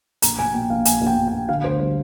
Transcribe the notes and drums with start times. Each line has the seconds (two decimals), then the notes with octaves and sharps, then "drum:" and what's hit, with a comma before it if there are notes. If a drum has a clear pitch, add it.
0.22 A#1 A#5, drum: hi-hat
0.39 A#1 G#5
0.54 A#2 G5
0.70 A#1 F5
0.85 A#2 G#5, drum: hi-hat
1.01 A#1
1.07 G5
1.17 A#1
1.28 G5
1.33 A#1
1.49 D3 F5
1.64 D2 C5
1.80 G3 C5